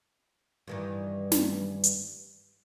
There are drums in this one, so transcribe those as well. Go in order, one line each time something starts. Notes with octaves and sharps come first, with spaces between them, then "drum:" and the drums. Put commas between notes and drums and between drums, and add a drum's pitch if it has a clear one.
G2 D#3 E3
drum: snare
drum: hi-hat